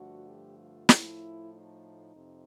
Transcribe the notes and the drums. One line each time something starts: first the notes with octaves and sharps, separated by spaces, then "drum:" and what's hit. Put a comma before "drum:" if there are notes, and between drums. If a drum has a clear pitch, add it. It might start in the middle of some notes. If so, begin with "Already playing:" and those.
Already playing: G2 D3 F3 A3 F#4
G4
F4
A2 F3 A3 E4, drum: snare
D#4
F2 C3